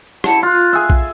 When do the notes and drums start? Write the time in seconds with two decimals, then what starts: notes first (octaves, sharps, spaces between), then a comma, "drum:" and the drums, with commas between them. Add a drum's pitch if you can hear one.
0.24 E4 F#5 A5, drum: rim click
0.43 F4 F#6
0.73 G#4 E5
0.90 drum: kick A#1